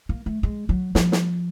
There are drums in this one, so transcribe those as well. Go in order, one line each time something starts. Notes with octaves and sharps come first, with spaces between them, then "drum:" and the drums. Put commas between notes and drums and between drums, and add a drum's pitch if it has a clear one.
A#3
A3
G#3
F#3
F3, drum: snare
drum: snare